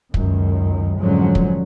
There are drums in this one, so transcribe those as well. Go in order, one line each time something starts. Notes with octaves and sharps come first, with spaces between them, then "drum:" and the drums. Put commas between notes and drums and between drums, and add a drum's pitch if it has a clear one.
C#2 F#2 D#3, drum: kick
F1 G#2 D3 F3 F#3 C#4
drum: kick